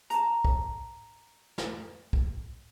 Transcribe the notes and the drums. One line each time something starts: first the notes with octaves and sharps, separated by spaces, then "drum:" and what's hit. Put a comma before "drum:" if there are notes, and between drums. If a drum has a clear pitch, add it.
A5 A#5, drum: hi-hat
drum: kick
drum: snare
drum: kick